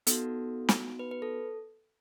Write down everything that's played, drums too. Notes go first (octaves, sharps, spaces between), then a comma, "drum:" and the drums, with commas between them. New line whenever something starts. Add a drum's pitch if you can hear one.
B3 D#4 F#4 A4, drum: hi-hat
drum: snare
B4
B4
A4